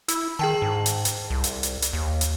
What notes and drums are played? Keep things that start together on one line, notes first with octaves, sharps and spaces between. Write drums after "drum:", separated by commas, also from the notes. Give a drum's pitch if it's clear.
E4 E6, drum: hi-hat
D#3 G#4 G5 A5
G#2
drum: hi-hat
drum: hi-hat
C2
drum: hi-hat
drum: hi-hat
drum: hi-hat
D#2
drum: hi-hat